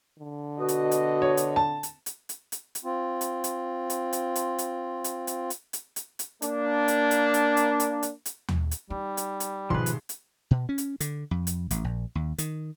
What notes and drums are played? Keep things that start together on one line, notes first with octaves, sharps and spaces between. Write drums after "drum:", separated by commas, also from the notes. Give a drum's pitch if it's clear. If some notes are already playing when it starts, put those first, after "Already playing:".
D3
B2 F#4 D#5
drum: hi-hat
drum: hi-hat
C#5
drum: hi-hat
A5
drum: hi-hat
drum: hi-hat
drum: hi-hat
drum: hi-hat
drum: hi-hat
C4 F4
drum: hi-hat
drum: hi-hat
drum: hi-hat
drum: hi-hat
drum: hi-hat
drum: hi-hat
drum: hi-hat
drum: hi-hat
drum: hi-hat
drum: hi-hat
drum: hi-hat
drum: hi-hat
A#3 D4, drum: hi-hat
drum: hi-hat
drum: hi-hat
drum: hi-hat
drum: hi-hat
drum: hi-hat
drum: hi-hat
drum: hi-hat
drum: tom D#2
drum: hi-hat
G3 D#4
drum: hi-hat
drum: hi-hat
D#1 G#2 B2 D#3 F3 B4 C6
drum: hi-hat
drum: hi-hat
B2
C#4
drum: hi-hat
D3, drum: hi-hat
F2
drum: hi-hat
A1, drum: hi-hat
A#1
D#2
D#3, drum: hi-hat